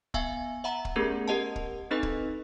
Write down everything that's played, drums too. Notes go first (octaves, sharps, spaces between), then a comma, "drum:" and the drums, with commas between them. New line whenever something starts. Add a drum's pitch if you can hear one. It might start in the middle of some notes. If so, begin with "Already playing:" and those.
B3 E5 F5 G#5, drum: kick
E5 F#5 A#5 B5
drum: kick
A3 B3 C#4 G4 G#4 A#4
G4 A#4 D#5 F#5 A5
drum: kick
C4 D#4 A4 B4 D#5 B5
drum: kick